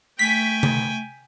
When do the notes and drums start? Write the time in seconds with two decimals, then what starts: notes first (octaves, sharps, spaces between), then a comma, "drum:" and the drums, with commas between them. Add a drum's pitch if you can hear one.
0.19 A3 G5 G#5 B6
0.63 drum: tom C3